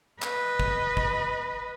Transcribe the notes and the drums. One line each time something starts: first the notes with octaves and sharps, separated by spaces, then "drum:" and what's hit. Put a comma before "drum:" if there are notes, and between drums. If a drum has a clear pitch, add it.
B4 D#5, drum: clap
drum: kick
drum: kick